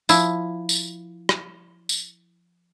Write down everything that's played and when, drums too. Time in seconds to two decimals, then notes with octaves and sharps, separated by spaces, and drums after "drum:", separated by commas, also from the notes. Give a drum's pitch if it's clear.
0.09 F3 E4, drum: tambourine
0.69 drum: tambourine
1.29 drum: rim click
1.89 drum: tambourine